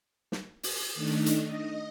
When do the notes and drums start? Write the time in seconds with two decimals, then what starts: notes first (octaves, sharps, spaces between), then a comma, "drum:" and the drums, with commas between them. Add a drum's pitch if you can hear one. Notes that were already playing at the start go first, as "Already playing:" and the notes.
0.32 drum: snare
0.63 drum: open hi-hat
0.95 D#3 A3 D4 D#4
1.26 drum: hi-hat
1.46 D#5